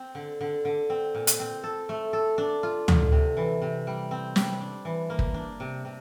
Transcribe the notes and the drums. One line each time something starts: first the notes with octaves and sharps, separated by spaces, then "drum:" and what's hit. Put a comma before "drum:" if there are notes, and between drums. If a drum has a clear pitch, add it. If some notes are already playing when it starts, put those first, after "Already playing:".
Already playing: C4
D3
D3
D3
C4
A#2
drum: hi-hat
C4
A4
A3
A4
D4
F4
D3, drum: tom
C3
E3
C3
G3
C4
G3, drum: snare
D4
E3
A#3
drum: kick
D4
C3
C3